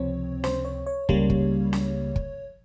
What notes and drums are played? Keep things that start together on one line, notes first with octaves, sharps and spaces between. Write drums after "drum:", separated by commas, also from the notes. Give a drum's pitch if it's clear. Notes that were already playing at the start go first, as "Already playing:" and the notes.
Already playing: C#2 C3 F3 C4 C#5
C5, drum: snare
C#5
C#5
C#2 C#3 G3 A#3, drum: kick
drum: kick
drum: snare
drum: kick